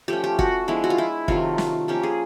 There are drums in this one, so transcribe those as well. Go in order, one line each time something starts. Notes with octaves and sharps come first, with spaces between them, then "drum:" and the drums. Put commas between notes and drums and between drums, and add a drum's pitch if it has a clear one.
F3 A3 C#4 G4
G4
F#4, drum: kick
F3 G#3 B3 D4 E4
F#4
F4
E4
C3 D#3 F#3 A3 F4, drum: kick
drum: snare
F3 A#3 C#4 G4
G#4